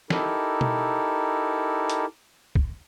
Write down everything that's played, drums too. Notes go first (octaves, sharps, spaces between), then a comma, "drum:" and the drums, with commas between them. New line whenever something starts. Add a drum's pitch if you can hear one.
D#4 E4 G4 A4 A#4, drum: snare
drum: tom B2
drum: hi-hat
drum: kick